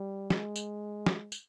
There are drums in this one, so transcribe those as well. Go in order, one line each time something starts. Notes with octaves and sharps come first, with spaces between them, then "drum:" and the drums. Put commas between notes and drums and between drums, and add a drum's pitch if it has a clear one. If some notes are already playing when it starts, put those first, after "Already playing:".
Already playing: G3
G#3, drum: snare
drum: tambourine
drum: snare
drum: tambourine